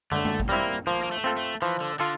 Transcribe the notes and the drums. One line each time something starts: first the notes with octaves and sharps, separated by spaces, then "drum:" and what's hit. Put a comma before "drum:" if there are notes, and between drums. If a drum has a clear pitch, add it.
D3 A3, drum: tom
drum: tom
drum: kick G#1
G3 A#3 C4 E4
F3 A#3
A#3
A3
C4 F4 A4
A3
E3 F3
D3
D3 F4 A4